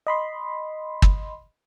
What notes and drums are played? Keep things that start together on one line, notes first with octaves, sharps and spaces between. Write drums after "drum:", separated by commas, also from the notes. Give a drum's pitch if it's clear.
D#5 B5 C6
drum: kick